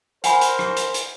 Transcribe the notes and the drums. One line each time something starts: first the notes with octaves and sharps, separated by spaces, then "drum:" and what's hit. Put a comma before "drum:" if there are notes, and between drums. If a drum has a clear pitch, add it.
A#4 C5 F#5 G#5 B5, drum: hi-hat
drum: hi-hat
drum: rim click
drum: hi-hat
drum: hi-hat